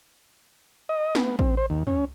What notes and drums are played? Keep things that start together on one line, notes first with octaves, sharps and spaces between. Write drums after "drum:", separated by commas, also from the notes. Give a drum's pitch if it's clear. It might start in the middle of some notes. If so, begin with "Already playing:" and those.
D#5
B3, drum: snare
C4, drum: kick
C5
D#2
C#4, drum: tom